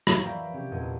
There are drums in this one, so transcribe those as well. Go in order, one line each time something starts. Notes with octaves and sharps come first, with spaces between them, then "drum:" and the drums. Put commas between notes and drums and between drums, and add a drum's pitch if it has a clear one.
E3 F3 A#3 A#4 C#5, drum: rim click
D5 E5 F5 G5 B5
C3 C#4 G4
E2 A#2 A4 D#5